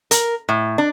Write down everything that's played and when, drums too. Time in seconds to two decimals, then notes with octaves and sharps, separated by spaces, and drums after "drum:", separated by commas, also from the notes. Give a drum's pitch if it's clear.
0.11 A#4, drum: hi-hat
0.49 A2
0.78 D4